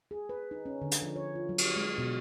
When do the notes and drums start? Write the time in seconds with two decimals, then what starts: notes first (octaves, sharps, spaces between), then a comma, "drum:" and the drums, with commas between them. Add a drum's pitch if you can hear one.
0.11 G#4
0.29 B4
0.51 D#4
0.66 C#4
0.82 D3
0.91 drum: hi-hat
1.02 F3
1.16 C#5
1.35 F4
1.49 F#3
1.58 drum: cymbal
1.76 G#3
1.98 B2